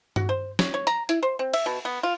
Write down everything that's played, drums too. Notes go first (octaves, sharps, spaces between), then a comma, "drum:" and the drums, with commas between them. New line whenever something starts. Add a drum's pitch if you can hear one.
F#4, drum: tom G2
C5
C#5, drum: snare
C#5
A#5, drum: hi-hat
E4, drum: hi-hat
C5
C4
E5, drum: cymbal
B2
B3
F4